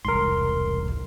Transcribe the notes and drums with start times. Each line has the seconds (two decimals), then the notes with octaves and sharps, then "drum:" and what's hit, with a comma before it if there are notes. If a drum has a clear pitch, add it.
0.05 E1 C2 G#2 A#4 C6
0.88 drum: kick